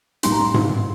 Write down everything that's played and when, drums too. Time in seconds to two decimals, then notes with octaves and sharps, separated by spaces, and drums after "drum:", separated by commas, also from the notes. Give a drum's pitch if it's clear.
0.23 A2 G3 A#3 D#4 C6, drum: hi-hat
0.32 A#5
0.40 C6
0.54 drum: tom G#2